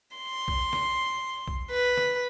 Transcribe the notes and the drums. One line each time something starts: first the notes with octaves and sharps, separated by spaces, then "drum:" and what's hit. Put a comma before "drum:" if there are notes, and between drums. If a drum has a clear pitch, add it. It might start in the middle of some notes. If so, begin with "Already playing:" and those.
C6
drum: kick B1
drum: snare
drum: kick B1
B4
drum: snare